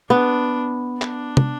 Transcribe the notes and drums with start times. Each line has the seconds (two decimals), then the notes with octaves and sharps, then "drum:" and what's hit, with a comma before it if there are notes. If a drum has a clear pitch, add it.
0.10 B3 D4
1.02 D4, drum: clap
1.37 drum: tom